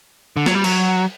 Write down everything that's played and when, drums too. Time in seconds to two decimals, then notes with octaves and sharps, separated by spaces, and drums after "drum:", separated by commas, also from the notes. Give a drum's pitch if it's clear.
0.37 D3
0.46 F#3, drum: snare
0.55 G3
0.64 F#3, drum: cymbal